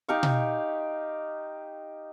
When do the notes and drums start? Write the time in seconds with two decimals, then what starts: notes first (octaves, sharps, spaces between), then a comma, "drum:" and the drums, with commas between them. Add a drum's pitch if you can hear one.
0.08 D#4 G4 F5 C#6
0.23 drum: tom B2